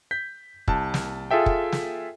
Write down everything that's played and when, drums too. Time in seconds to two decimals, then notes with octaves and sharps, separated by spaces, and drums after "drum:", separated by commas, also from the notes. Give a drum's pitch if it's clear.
0.11 G6 B6
0.68 C2 A5, drum: kick
0.94 drum: snare
1.31 F4 G#4 A4 E5 G5
1.46 drum: kick
1.72 drum: snare